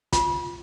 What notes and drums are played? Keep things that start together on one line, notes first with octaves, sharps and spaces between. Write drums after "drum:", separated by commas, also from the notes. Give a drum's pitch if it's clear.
F4, drum: kick, hi-hat